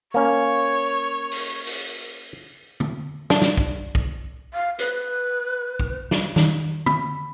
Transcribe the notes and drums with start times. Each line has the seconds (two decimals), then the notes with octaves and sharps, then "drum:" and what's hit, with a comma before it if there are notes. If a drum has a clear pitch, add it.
0.14 A#3 C#4 C#5
1.32 drum: open hi-hat
1.66 drum: open hi-hat
2.80 drum: tom
3.30 D4, drum: snare
3.42 drum: snare
3.57 drum: kick B1
3.95 drum: kick B1
4.54 F5
4.79 B4, drum: hi-hat
5.80 drum: kick B1
6.11 drum: snare
6.36 D#3, drum: snare
6.86 B5, drum: tom